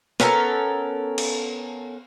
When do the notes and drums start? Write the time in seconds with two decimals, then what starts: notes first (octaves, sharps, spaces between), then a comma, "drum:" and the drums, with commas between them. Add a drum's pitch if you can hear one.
0.20 B3 C#4 A4 A#4, drum: snare
1.18 drum: cymbal